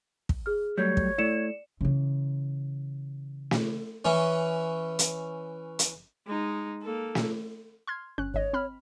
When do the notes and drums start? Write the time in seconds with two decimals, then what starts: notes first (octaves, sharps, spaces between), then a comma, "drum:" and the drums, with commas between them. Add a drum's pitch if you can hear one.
0.29 drum: kick
0.46 G#4 F6
0.78 F#3 G3 A3 C#5 G6
0.97 drum: kick
1.18 A3 E4 D5 C#7 E7
1.81 C#3 E3
3.51 drum: snare
4.05 E3 C#4
4.99 drum: hi-hat
5.79 drum: hi-hat
6.27 G#3 D#4
6.82 A#3 A4
7.15 drum: snare
7.87 C6 F6 G#6
8.18 G1 C#4 F#6
8.34 G#1 C#5 D#5
8.53 C4 B5 F6